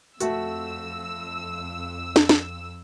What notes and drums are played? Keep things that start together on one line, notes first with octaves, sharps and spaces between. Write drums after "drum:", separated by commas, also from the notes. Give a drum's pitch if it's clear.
F2 A3 F#4 E6, drum: hi-hat
drum: snare
drum: snare